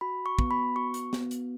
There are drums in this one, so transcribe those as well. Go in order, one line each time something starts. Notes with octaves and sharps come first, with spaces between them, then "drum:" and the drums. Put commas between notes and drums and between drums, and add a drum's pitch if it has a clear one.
F#4 B5
C#6
B3, drum: kick
B5
F#4 C#6
drum: hi-hat
B3, drum: snare
drum: hi-hat